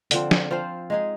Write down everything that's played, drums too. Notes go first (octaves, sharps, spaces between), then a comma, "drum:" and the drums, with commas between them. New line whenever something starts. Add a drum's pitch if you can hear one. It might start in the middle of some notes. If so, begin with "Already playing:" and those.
D3 F3 C4, drum: hi-hat
drum: snare
F3 C4 F4 C5
G#3 D#4 G#4